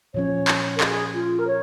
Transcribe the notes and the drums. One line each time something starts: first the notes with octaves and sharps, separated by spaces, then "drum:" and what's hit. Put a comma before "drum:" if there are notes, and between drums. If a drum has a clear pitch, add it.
A#2 F3 C#4 C#5
drum: clap
A#4
G#4, drum: clap
F4
A#4
C#5